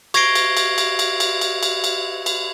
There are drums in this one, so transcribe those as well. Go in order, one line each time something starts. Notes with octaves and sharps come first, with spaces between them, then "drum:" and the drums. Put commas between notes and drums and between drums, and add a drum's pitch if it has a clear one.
C#6 G#6 A#6 C7 D7 G7, drum: cymbal
drum: cymbal
drum: cymbal
drum: cymbal
drum: cymbal
drum: cymbal
drum: cymbal
drum: cymbal
drum: cymbal
drum: cymbal